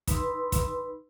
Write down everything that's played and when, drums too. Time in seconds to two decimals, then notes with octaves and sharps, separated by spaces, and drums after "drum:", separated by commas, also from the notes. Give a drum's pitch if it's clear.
0.07 D#4 B4 B5 C6 E6, drum: kick, hi-hat
0.52 drum: kick, hi-hat